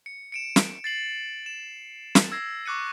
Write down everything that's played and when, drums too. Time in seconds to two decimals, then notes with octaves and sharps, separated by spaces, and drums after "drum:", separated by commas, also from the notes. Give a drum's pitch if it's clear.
0.06 C#7
0.32 C#7 D7 E7
0.56 drum: snare
0.84 A6 C7 F#7
1.46 E7
2.15 drum: snare
2.32 E6 G#6 A#6 C7
2.66 C#6 D6 F#6 C#7 D#7